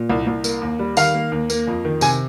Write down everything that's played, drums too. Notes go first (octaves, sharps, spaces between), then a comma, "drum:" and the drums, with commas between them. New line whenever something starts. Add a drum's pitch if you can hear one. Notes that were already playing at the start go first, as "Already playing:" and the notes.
Already playing: A#2
C2
C2
A#3, drum: tambourine
D#2
G3
D#3 F5, drum: tambourine
A#3
D#2
A#3, drum: tambourine
F2
D#3
C3 G#5, drum: tambourine